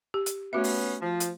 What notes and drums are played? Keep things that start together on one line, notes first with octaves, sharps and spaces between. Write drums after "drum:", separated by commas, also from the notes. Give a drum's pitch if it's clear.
G4
drum: hi-hat
A3 B3 C#4 F#4 E5
drum: open hi-hat
F3
drum: hi-hat